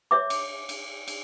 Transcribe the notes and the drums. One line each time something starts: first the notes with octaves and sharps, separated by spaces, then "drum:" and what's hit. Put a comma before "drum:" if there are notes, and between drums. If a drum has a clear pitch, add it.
C#5 E5 D6
drum: cymbal
drum: cymbal
drum: cymbal